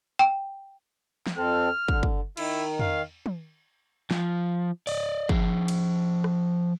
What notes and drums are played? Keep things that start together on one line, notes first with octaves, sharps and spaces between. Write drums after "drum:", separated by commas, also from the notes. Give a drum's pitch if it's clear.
G5
drum: snare
F2 C4 A4 F6
D3, drum: kick
drum: kick
D#3 E4, drum: cymbal
F5, drum: tom
drum: tom
F3, drum: snare
D5 D#5, drum: open hi-hat
F3 G#4, drum: kick
drum: cymbal
drum: rim click